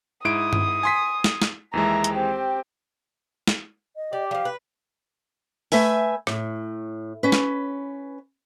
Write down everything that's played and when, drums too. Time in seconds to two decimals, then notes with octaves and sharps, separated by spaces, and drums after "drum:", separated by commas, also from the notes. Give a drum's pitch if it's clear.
0.25 G#2 E4 D#6 D7
0.53 drum: tom G2
0.83 G#5 C6 B6
1.24 drum: snare
1.42 drum: snare
1.73 D#2 E3 G#3 E5 A#5
2.04 drum: hi-hat
2.14 C4 G4
3.48 drum: snare
3.96 D#5
4.13 G4 D5
4.31 F3 G3 F5
4.45 B4
5.72 A3 B4 E5 G#5, drum: open hi-hat
6.27 A2, drum: rim click
7.23 C#4 B4
7.32 drum: snare